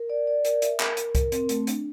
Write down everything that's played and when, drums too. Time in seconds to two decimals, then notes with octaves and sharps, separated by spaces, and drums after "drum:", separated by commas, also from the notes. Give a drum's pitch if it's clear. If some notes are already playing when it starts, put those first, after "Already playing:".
Already playing: A#4
0.10 D5
0.27 D5
0.45 A#4, drum: hi-hat
0.62 E5, drum: hi-hat
0.80 A#4, drum: clap
0.97 A#4, drum: hi-hat
1.15 A#4, drum: kick C2, hi-hat
1.32 C4, drum: hi-hat
1.49 A3, drum: hi-hat
1.67 D4, drum: hi-hat